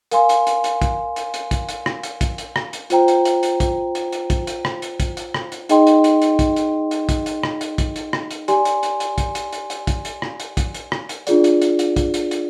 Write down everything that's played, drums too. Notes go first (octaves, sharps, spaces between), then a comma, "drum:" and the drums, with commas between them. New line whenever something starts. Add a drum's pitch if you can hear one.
A#4 F5 G#5 C6, drum: hi-hat
drum: hi-hat
drum: hi-hat
drum: hi-hat
drum: kick, hi-hat
drum: hi-hat
drum: hi-hat
drum: kick, hi-hat
drum: hi-hat
drum: rim click
drum: hi-hat
drum: kick, hi-hat
drum: hi-hat
drum: rim click
drum: hi-hat
F4 C5 G5 A#5, drum: hi-hat
drum: hi-hat
drum: hi-hat
drum: hi-hat
drum: kick, hi-hat
drum: hi-hat
drum: hi-hat
drum: kick, hi-hat
drum: hi-hat
drum: rim click
drum: hi-hat
drum: kick, hi-hat
drum: hi-hat
drum: rim click
drum: hi-hat
D#4 G#4 D#5 G5 C6, drum: hi-hat
drum: hi-hat
drum: hi-hat
drum: hi-hat
drum: kick, hi-hat
drum: hi-hat
drum: hi-hat
drum: kick, hi-hat
drum: hi-hat
drum: rim click
drum: hi-hat
drum: kick, hi-hat
drum: hi-hat
drum: rim click
drum: hi-hat
G4 D5 G#5 C6, drum: hi-hat
drum: hi-hat
drum: hi-hat
drum: hi-hat
drum: kick, hi-hat
drum: hi-hat
drum: hi-hat
drum: hi-hat
drum: kick, hi-hat
drum: hi-hat
drum: rim click
drum: hi-hat
drum: kick, hi-hat
drum: hi-hat
drum: rim click
drum: hi-hat
D4 F4 G#4 D5, drum: hi-hat
drum: hi-hat
drum: hi-hat
drum: hi-hat
drum: kick, hi-hat
drum: hi-hat
drum: hi-hat